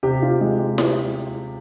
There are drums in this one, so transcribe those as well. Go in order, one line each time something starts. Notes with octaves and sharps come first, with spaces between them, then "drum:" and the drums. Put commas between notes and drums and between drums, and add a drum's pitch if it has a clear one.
C3 G4
F4
G#3 F4
G4
G#3, drum: snare E4